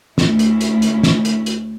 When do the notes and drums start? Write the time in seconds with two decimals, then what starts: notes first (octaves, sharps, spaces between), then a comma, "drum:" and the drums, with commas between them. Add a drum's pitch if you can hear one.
0.18 D2 C#4 E4, drum: snare
0.39 drum: hi-hat
0.61 drum: hi-hat
0.82 drum: hi-hat
1.03 drum: snare
1.25 drum: hi-hat
1.46 drum: hi-hat